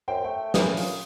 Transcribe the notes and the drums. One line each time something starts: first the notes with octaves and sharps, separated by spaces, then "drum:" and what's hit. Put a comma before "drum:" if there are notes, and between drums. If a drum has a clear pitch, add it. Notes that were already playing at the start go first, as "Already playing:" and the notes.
F#2 C5 G5
A3 G5
E3 C#4 A#4 D#6, drum: snare
F4, drum: open hi-hat